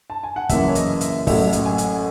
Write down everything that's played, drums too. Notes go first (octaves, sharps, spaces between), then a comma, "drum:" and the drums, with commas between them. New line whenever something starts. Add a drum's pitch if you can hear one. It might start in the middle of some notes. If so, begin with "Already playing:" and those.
A5
G#5
F#5
F#1 F#2 E3 E5, drum: kick, hi-hat
C#5
D#5, drum: hi-hat
E5, drum: hi-hat
A1 A2 F#3 E5, drum: kick, open hi-hat
drum: hi-hat
G#5
drum: hi-hat